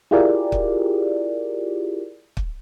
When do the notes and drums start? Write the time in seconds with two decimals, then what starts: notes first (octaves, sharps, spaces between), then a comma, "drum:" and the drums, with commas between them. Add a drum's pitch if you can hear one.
0.11 E4 F4 G4 G#4 A#4 D5
0.52 drum: kick
2.37 drum: kick